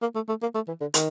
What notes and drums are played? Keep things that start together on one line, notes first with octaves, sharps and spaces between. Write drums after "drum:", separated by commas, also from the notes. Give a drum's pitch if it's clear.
A#3
A3
A3
A#3
A3
E3
D3
D#3, drum: hi-hat